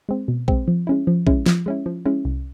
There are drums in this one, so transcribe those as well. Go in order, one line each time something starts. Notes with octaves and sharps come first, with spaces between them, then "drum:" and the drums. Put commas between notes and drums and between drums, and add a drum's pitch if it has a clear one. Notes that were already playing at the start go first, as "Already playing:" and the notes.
G#3 C4
B2
G#3 C4, drum: kick
F3
G#3 C#4 E4
F3
G#3 C#4 E4, drum: kick
F3, drum: snare
G#3 C#4 E4
F3
G#3 C#4 E4
C2